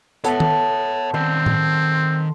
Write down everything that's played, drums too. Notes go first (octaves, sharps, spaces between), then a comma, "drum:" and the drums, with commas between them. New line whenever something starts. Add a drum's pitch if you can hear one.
B3 A4 C#5 E5, drum: hi-hat
drum: tom D#3
D#3 C4 D5 C6
drum: tom A2